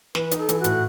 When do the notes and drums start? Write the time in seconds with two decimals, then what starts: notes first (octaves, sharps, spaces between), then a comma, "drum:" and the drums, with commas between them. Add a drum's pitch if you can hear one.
0.15 E3 B4, drum: snare
0.31 D#4, drum: hi-hat
0.37 A4
0.49 E3, drum: hi-hat
0.59 F#4
0.64 A2, drum: hi-hat